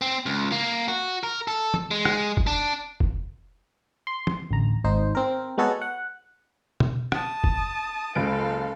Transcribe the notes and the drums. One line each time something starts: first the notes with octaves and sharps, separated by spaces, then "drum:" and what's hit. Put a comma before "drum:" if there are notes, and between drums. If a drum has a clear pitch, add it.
C4
C#2
A#3
F#4
A#4
A4
drum: tom E3
G#3
drum: rim click
drum: kick F1
D4
drum: kick F1
C6
drum: tom E3
A1 D2 A#5
G#1 D#4 C5
C4 A#4
G#3 B3 F#4 A4 B4 C#5
F#5
drum: tom
A5 D#6, drum: rim click
drum: kick F1
F#1 C#2 A4 F5 D7